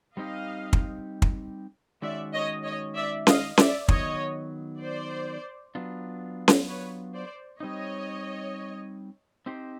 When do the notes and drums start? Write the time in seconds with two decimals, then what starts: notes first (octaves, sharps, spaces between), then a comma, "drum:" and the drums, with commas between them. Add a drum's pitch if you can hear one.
0.17 G3 C4 D#4 G4 D#5 F5
0.73 drum: kick
1.22 drum: kick
2.02 D#3 G#3 C#4 F#4 D5 E5
2.34 C#5 D#5
2.64 C#5 D#5
2.95 D5 E5
3.27 D#5 F5, drum: snare C#4
3.57 D5 E5, drum: snare C#4
3.88 D#3 F#3 B3 C#5 D#5, drum: kick
4.81 C5 D5
5.75 F#3 B3 D4 F4
6.48 drum: snare C#4
6.67 B4 C#5
7.14 C5 D5
7.60 G3 C4 D#4 C#5 D#5
9.46 C4 D#4 G4 C5